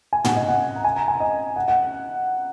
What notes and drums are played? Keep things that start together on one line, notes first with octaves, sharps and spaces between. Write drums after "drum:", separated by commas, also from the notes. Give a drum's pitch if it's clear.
G#5
F#5, drum: tom
D#5
F#5
A#5
G#5
A#5
G#5
D#5
F#5
F#5